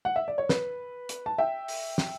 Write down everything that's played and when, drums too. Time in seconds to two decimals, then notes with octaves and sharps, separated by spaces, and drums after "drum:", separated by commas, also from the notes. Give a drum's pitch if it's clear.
0.05 F#5
0.16 E5
0.28 D5
0.38 C#5
0.49 B4, drum: snare
1.09 drum: hi-hat
1.26 A5
1.38 E5 G5
1.68 drum: open hi-hat
1.98 drum: snare